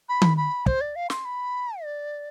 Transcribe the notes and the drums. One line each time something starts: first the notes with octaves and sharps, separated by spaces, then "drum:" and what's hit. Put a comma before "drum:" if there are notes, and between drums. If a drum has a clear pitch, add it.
B5
drum: tom D#3
B5
C5, drum: kick
D5
F5
C6, drum: snare
B5
D5